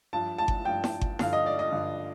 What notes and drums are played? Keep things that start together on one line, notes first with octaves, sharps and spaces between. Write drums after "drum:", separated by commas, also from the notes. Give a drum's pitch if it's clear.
G2 F3 A5
A5
drum: kick G1
G2 F3 G5
drum: snare E4
drum: kick G1
G2 D3 F3 F5, drum: snare E4
D#5
D5
D#5
G2 D3 F3